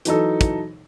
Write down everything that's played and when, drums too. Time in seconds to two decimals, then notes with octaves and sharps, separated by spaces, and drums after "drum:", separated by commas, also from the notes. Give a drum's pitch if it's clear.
0.05 E3 F#3 D#4 A4, drum: hi-hat
0.41 drum: kick, hi-hat